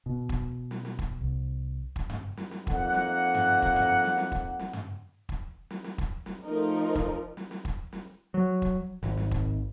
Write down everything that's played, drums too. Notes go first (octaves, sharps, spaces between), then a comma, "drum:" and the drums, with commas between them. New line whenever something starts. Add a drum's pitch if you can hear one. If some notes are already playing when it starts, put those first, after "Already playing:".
B2
drum: kick
drum: snare
drum: snare
drum: kick
C2
drum: kick
drum: tom G2
drum: snare
drum: snare
F2 A#3 D#4 F#5, drum: kick
drum: snare
drum: tom G2
drum: kick
drum: tom G2
drum: snare
drum: snare
drum: kick
drum: snare
drum: tom G2
drum: kick
drum: snare
drum: snare
drum: kick
drum: snare
F3 A3 D#4 A#4
drum: kick
drum: snare
drum: snare
drum: kick
drum: snare
F#3
drum: kick
G#1, drum: snare
drum: snare
drum: kick